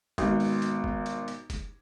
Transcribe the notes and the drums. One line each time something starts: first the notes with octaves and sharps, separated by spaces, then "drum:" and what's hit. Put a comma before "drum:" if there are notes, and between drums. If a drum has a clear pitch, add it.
G#1 B2, drum: kick, hi-hat
drum: open hi-hat
drum: hi-hat
drum: kick
drum: hi-hat
drum: hi-hat
drum: kick, hi-hat